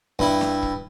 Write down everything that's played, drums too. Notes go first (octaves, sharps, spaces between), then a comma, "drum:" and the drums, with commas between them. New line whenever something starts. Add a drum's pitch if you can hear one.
G2 E4, drum: kick C#1
drum: snare
drum: kick C#1